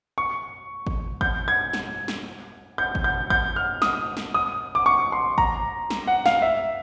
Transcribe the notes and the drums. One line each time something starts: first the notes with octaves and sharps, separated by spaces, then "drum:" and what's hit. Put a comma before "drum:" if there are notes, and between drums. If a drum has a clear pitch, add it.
C#6
drum: kick
G6, drum: kick
G#6
drum: snare
drum: snare
G6
drum: kick
G6
G6, drum: kick
F6
D#6, drum: snare
drum: snare
D#6
D6
C#6
C6
A#5, drum: kick
drum: snare
F#5
F5, drum: snare
E5